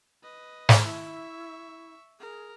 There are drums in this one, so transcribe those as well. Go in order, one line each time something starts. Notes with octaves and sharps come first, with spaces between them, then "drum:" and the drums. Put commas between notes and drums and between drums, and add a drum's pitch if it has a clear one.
B4 D#5
drum: snare
E4 E5 C#6
G#4 A#4